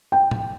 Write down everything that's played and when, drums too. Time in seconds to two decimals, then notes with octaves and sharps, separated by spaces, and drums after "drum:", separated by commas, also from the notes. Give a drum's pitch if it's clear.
0.12 G5
0.31 drum: tom